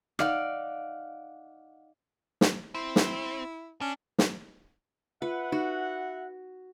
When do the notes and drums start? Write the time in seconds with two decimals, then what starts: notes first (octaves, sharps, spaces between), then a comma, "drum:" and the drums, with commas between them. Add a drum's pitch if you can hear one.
0.19 D#4 D5 F5 F#5, drum: rim click
2.41 drum: snare
2.75 C4 E4
2.96 drum: snare
3.81 C#4 D4
4.19 drum: snare
5.22 F4 B4 E5 F#5
5.52 D#4 F#4